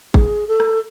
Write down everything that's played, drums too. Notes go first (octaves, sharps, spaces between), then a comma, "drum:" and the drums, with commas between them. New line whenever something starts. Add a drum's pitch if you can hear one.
G#4, drum: kick G#1
A4
drum: rim click